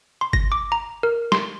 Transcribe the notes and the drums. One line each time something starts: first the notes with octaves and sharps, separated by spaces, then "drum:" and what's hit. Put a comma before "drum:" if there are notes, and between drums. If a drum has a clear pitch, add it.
C6
A#6, drum: kick G1
D6
A#5
A#4
C6, drum: snare